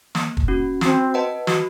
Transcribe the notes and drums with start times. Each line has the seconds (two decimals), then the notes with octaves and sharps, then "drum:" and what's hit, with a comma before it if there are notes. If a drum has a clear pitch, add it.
0.15 A#3, drum: snare
0.37 drum: kick
0.48 C#4 F#4
0.81 C4 F#4, drum: snare
1.14 B4 D#5 F#5 A5
1.47 F#4, drum: snare